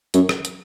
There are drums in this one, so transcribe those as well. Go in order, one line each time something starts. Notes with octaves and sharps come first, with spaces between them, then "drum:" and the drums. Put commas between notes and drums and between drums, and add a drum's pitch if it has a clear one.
F#2, drum: hi-hat
drum: rim click
drum: hi-hat